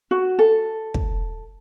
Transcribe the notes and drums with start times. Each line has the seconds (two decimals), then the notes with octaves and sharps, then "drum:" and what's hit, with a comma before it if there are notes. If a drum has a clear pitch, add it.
0.11 F#4
0.39 A4
0.94 drum: kick